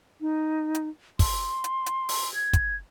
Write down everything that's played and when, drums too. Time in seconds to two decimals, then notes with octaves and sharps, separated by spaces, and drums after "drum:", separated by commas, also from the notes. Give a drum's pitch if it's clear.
0.21 D#4
0.75 drum: hi-hat
1.19 C6, drum: kick, open hi-hat
1.64 drum: hi-hat
1.86 drum: hi-hat
2.09 drum: open hi-hat
2.34 G#6
2.53 drum: kick, hi-hat